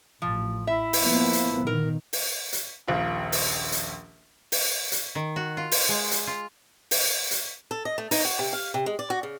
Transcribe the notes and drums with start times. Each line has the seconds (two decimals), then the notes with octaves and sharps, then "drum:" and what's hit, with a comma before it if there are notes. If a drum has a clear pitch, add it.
0.22 A1 F3
0.67 E4 E5
0.93 drum: open hi-hat
1.04 F3 A#3 B3
1.33 drum: hi-hat
1.67 A#2 D#3 A#4
2.13 drum: open hi-hat
2.53 drum: hi-hat
2.88 D#1 A#1 F4
3.32 drum: open hi-hat
3.72 drum: hi-hat
4.52 drum: open hi-hat
4.92 drum: hi-hat
5.15 D#3
5.36 F#4
5.57 F4
5.71 drum: open hi-hat
5.89 G#3
6.11 drum: hi-hat
6.27 F4
6.91 drum: open hi-hat
7.31 drum: hi-hat
7.71 A4
7.85 D#5
7.98 A3
8.11 D#4, drum: open hi-hat
8.25 F#4
8.39 C3
8.53 F5
8.74 C3
8.86 G#3
8.99 D5
9.10 F#4
9.23 C#3